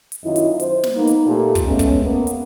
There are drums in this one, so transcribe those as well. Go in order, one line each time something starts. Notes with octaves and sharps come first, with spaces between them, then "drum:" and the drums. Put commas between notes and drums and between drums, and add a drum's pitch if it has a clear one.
drum: hi-hat
F#2 D#3 E4 F4 D#5
drum: hi-hat
C5, drum: hi-hat
drum: snare
A#3 B3 D#4
drum: hi-hat
A#2 A3 G4 A4
drum: kick, hi-hat
G#3 A3 B3 C#4
drum: kick, hi-hat
A#3 B3
drum: hi-hat